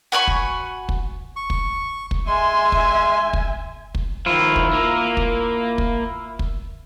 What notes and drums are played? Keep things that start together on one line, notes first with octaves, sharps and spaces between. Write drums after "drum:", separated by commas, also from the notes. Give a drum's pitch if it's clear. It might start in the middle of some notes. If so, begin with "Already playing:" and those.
F#4 G#5 B5 C#6
drum: kick
drum: kick
C#6
drum: kick
drum: kick
G#3 E5 G#5 C6
drum: kick
drum: kick
drum: kick
D#3 F3 E4 F4
drum: kick
A#3 A#4
drum: kick
drum: kick
drum: kick